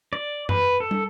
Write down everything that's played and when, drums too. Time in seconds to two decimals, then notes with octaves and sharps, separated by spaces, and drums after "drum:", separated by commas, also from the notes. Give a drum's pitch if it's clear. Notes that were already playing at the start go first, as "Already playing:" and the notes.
0.13 D5
0.49 B4, drum: tom F#2
0.80 A4
0.91 drum: tom